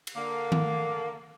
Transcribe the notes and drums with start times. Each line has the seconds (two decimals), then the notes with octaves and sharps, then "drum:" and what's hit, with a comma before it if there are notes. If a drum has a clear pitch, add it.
0.07 drum: cymbal
0.16 D3 A#3
0.52 drum: tom D#3